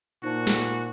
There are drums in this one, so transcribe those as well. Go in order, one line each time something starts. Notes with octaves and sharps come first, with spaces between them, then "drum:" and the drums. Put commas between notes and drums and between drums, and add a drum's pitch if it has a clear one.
A#2 D#4 F#4 C5 A5
drum: snare